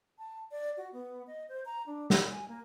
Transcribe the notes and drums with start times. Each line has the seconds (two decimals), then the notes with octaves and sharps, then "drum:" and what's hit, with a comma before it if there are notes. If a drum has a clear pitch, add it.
0.19 A5
0.51 D5
0.77 F#4
0.92 B3
1.27 D#5
1.49 C5
1.65 A#5
1.86 D4
2.10 F#4, drum: snare
2.31 G#5
2.48 A#3